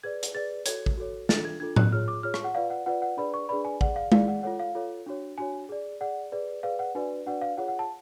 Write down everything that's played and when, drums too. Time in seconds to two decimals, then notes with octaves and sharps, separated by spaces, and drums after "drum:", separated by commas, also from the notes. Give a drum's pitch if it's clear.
0.03 G#4 B4 D5 G#6
0.23 drum: hi-hat
0.35 G#4 B4 D5 A6
0.66 F#4 A4 C#5 G#6, drum: hi-hat
0.86 drum: kick A1
0.97 F#4 A4 C#5
1.29 D4 F4 A4 A6, drum: snare
1.45 G#6
1.60 D4 F4 A4 G#6
1.76 F#6, drum: tom A2
1.92 F4 G#4 C#5 F6
2.08 D6
2.23 F4 G#4 C#5 F6
2.34 C#6, drum: rim click
2.44 F#5
2.55 F4 B4 D5 F5
2.70 F#5
2.86 F4 B4 D5 F#5
3.02 F#5
3.17 D4 G#4 B4 D5 B5
3.34 C#6
3.49 D4 G#4 B4 D5 B5
3.65 G#5
3.81 G#4 D5 F#5, drum: kick A1
3.96 F5
4.12 G#4 D5 F5, drum: tom G#3
4.28 F#5
4.43 F4 A4 C#5 F#5
4.60 F5
4.75 F4 A4 C#5
5.06 D4 F#4 C#5
5.38 D4 F#4 C#5 G#5
5.69 G#4 D5
6.01 G#4 D5 F#5
6.32 G#4 B4 D5
6.63 G#4 B4 D5 F5
6.79 F#5
6.95 D4 F#4 B4 D5 G#5
7.26 D4 F#4 B4 D5 F#5
7.41 F5
7.58 F4 G#4 C#5 F#5
7.68 F#5
7.79 A5